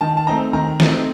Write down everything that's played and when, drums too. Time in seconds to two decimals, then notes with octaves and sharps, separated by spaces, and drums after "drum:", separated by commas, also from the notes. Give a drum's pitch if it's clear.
0.01 D#3 A5
0.17 A5
0.27 A3 C4 D#4 A#5
0.53 D#3 A#5
0.80 A3 C4 D#4, drum: snare